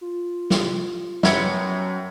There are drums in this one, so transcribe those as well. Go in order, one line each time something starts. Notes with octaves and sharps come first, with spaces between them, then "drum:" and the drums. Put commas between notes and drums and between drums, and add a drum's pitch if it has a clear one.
F4
drum: snare
F#2 F#3 B3 E5 G5 G#6 C#7, drum: snare